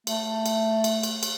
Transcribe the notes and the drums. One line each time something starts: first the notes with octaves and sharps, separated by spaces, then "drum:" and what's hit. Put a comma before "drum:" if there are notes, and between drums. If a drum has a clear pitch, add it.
A3, drum: cymbal
drum: cymbal
drum: cymbal
drum: cymbal
drum: cymbal